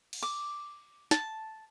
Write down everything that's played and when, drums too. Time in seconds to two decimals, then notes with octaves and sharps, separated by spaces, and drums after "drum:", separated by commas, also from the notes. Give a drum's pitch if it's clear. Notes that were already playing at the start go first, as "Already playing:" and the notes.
0.13 drum: cymbal
0.23 D6
1.11 A5, drum: snare